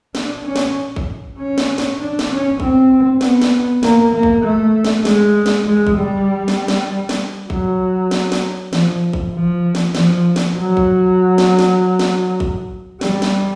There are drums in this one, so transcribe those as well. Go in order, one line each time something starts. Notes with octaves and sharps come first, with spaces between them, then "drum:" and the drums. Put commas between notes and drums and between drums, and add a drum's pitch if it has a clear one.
D4, drum: snare
C#4
drum: snare
drum: kick A1
C#4
drum: snare
drum: snare
D4
drum: snare
C#4
C4, drum: kick A1
B3, drum: snare
drum: snare
A#3, drum: snare
A#3
drum: kick A1
A3
drum: snare
G#3, drum: snare
drum: snare
G#3
drum: kick A1
G3
drum: snare
drum: snare
drum: snare
F#3, drum: kick A1
drum: snare
drum: snare
F3, drum: snare
drum: kick A1
F3
drum: snare
F3, drum: snare
drum: snare
F#3
drum: kick A1
drum: snare
drum: snare
drum: snare
drum: kick A1
G3, drum: snare
drum: snare